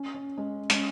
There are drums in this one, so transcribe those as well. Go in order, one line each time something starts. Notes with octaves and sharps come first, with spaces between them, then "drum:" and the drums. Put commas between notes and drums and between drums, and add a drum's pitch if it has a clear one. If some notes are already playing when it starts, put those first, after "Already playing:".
Already playing: C#4
C#4
G#3 C#4
G#3 C#4, drum: hi-hat